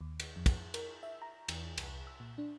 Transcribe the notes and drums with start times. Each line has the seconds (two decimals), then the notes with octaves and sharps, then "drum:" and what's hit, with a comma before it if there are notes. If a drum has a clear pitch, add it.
0.01 D#2
0.20 drum: cymbal
0.36 F2
0.46 drum: kick, cymbal
0.74 A#4, drum: cymbal
1.03 E5
1.22 A#5
1.48 E2, drum: cymbal
1.78 C2, drum: cymbal
2.07 E6
2.20 A#2
2.38 D4